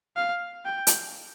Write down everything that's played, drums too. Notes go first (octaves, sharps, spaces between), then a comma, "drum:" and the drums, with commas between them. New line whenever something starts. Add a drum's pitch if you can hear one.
F5
G5
drum: hi-hat